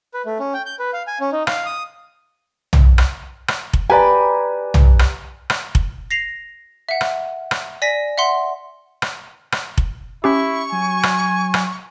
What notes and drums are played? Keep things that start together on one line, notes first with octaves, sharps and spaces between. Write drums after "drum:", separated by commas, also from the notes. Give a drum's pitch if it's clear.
B4
A3
C#4
G5
G6
B4
F5
G#5
C#4
D#4
F5, drum: rim click
D#6
drum: tom B1
drum: rim click
drum: rim click
drum: kick F1
G4 B4 D5 G#5 A#5
drum: tom B1
drum: rim click
drum: rim click
drum: kick F1
A#6 C7 F7
E5 F#5
drum: rim click
drum: rim click
D5 G#5 A#6 B6
E5 F#5 C6
drum: rim click
drum: rim click
drum: kick F1
C#4 E4 G4 C#6
F#3 G#5
drum: rim click
drum: rim click